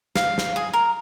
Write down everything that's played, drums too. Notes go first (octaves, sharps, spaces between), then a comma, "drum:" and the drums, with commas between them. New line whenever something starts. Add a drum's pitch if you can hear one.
F5, drum: snare
drum: snare
G#4
A#4